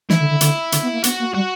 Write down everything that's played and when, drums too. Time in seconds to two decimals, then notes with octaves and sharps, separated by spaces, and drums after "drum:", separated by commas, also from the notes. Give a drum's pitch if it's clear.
0.10 E3 E4, drum: snare
0.20 D3
0.31 D3
0.41 D3, drum: hi-hat
0.72 D3, drum: hi-hat
0.83 B3
0.93 A#3
1.04 B3 F#4, drum: hi-hat
1.20 A#3
1.34 G3 F#4